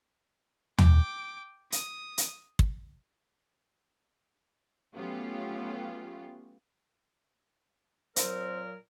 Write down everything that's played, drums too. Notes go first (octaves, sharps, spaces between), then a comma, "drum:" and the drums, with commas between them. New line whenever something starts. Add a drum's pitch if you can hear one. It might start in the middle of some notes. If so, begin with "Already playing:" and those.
G5 D6, drum: tom
D#6, drum: hi-hat
drum: hi-hat
drum: kick
F#3 A3 B3 C#4 F4 G4
A#2 F#3 C4 A#4, drum: hi-hat